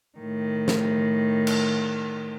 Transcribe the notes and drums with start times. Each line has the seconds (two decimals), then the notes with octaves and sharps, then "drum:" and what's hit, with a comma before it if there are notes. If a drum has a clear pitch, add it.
0.18 A2 D#3
0.68 drum: snare
1.47 drum: cymbal